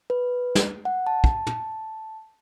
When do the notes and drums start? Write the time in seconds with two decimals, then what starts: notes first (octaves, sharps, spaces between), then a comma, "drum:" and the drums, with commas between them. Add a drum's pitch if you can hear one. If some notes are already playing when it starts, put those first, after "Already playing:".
0.10 B4
0.55 drum: snare
0.85 F#5
1.07 A5
1.24 drum: kick
1.47 drum: tom